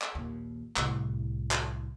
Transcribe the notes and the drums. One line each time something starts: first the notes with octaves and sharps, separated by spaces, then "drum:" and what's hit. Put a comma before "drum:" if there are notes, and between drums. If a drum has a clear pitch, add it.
drum: clap
A#1 D#2
C2 A2, drum: clap
drum: clap